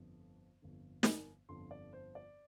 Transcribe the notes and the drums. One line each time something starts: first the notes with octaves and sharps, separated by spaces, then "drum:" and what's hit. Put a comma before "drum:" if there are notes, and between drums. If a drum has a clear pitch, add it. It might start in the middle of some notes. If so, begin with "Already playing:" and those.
Already playing: G1 F2 D3
G1 F2 D3
drum: snare
G1 F2 D3 C6
D5
C5
D5